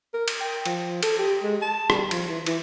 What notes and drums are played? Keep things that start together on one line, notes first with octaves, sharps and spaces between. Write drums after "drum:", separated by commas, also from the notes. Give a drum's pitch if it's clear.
A#4
drum: cymbal
G5
F3, drum: cymbal
A4, drum: cymbal
G4
G#3
A5
G3, drum: rim click
F3, drum: cymbal
E3
E3, drum: cymbal